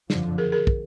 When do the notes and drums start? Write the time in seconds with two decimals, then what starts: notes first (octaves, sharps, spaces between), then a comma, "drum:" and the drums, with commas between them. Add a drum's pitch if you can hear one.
0.10 F#1 F2 D3 F3, drum: snare
0.38 G#4 A#4
0.52 G#4 A#4
0.67 drum: kick